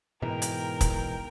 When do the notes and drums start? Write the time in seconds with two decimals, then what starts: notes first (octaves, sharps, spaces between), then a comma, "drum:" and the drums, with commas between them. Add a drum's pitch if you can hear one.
0.22 G#2 B2 E3 A#4 G5
0.42 drum: hi-hat
0.81 drum: kick, hi-hat